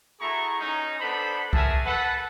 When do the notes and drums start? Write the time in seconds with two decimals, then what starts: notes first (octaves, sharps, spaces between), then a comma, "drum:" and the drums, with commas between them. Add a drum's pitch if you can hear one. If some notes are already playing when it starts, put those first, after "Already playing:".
0.21 A3 E4 F#4 G#4 A#5 C#6
0.59 C#4 D#4
1.00 B3 D4 A4 C5 B5
1.53 F#4 G#4 A#4 E5 A5, drum: kick C2
1.86 A4 B4 F#5